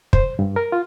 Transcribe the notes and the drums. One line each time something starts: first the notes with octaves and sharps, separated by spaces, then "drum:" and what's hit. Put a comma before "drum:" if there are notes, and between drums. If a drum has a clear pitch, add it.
C5, drum: kick
G2
A#4
F4